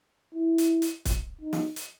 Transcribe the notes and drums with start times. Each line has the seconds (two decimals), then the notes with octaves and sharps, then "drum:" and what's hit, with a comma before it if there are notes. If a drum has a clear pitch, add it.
0.35 E4
0.58 drum: hi-hat
0.82 drum: hi-hat
1.05 drum: kick, hi-hat
1.41 D#4
1.53 drum: snare
1.76 drum: hi-hat